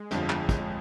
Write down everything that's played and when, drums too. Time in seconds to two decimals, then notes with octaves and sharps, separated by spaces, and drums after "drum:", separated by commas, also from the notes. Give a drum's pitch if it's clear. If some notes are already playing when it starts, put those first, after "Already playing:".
Already playing: G#3
0.11 G1 F2 D3 F3, drum: hi-hat
0.30 drum: clap
0.49 drum: kick, hi-hat